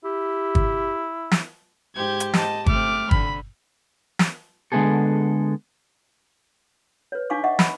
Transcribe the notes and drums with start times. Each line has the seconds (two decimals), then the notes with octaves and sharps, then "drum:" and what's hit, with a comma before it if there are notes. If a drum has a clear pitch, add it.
0.05 E4 G4
0.55 drum: kick
1.31 drum: snare
1.96 G#2 G4 C5 G#6
2.20 drum: hi-hat
2.34 D#5 A5, drum: snare
2.66 A3 C4 D6 F6, drum: kick
3.11 D3 B5, drum: kick
4.19 drum: snare
4.72 D3 G#3 A#3 B3 G#4 A4
7.12 B4 C#5
7.30 D4 D#4 F5 G#5 C#6 D6
7.44 D#5 E5 F#5 C#6 D6
7.59 B5, drum: snare